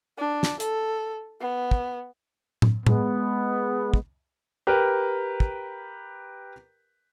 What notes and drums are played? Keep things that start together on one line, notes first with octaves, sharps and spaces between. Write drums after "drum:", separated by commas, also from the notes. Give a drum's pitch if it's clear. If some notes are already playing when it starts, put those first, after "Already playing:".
D4
drum: snare
A4, drum: hi-hat
B3
drum: kick
drum: tom A2
G#3 B3, drum: tom A2
drum: kick
G4 A#4 B4
drum: kick